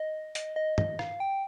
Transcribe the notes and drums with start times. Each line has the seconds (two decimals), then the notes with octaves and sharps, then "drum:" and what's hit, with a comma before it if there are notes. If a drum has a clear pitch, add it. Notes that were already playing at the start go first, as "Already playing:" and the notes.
Already playing: D#5
0.35 D#5, drum: hi-hat
0.56 D#5
0.78 D#5, drum: tom
0.99 F5, drum: rim click
1.20 G5